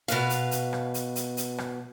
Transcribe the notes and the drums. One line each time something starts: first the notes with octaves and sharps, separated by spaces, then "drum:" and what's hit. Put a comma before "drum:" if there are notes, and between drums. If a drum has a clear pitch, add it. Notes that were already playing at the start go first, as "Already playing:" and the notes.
B2 B4 F5, drum: hi-hat
drum: hi-hat
drum: hi-hat
drum: rim click
drum: hi-hat
drum: hi-hat
drum: hi-hat
drum: rim click